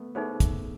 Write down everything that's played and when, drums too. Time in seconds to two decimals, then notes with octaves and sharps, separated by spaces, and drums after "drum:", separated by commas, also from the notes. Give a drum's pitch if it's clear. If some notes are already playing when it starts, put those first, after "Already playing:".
Already playing: A3 B3
0.15 A3 B3 D#4 G#4 C5
0.40 drum: kick, hi-hat